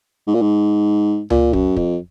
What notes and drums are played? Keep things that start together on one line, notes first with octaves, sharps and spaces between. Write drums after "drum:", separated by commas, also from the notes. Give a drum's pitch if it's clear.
G#2
A#2
G#2
A#2, drum: tom C#2
F#2, drum: kick
F2, drum: kick